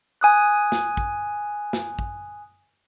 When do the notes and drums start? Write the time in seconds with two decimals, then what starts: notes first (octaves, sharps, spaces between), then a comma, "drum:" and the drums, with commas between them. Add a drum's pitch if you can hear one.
0.21 G#5 D#6 F#6
0.72 drum: snare
0.97 drum: kick
1.73 drum: snare
1.99 drum: kick